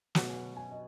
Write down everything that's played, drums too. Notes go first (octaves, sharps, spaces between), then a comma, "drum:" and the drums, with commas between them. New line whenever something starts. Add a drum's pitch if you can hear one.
B2 F#3 B3 F#5, drum: snare
G#5
F#5
G#5
D#5